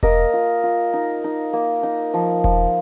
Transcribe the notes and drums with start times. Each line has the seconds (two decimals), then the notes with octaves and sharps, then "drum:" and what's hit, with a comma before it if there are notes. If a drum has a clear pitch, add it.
0.03 A#3 A#4 D#5, drum: kick E1
0.33 F4
0.63 F4
0.93 D#4
1.24 D#4
1.53 A#3
1.83 D#4
2.14 F3
2.44 F3, drum: kick E1